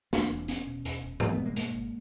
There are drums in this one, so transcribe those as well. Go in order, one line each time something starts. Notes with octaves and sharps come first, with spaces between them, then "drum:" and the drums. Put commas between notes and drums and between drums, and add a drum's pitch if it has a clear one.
E2 C4 D4, drum: snare
E1
E1 B3 C#4, drum: hi-hat
B2
E2, drum: hi-hat
E1
E1 A#3 C4, drum: tom G#2
A3 B3
B2
G#3 A#3
G2 G#3 A#3, drum: hi-hat
G#1